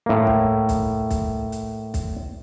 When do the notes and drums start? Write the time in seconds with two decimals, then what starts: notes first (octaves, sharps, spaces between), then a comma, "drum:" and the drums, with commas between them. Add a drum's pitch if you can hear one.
0.06 A2 A#3
0.27 drum: kick
0.69 drum: kick, hi-hat
1.11 drum: kick, hi-hat
1.52 drum: hi-hat
1.94 drum: kick, hi-hat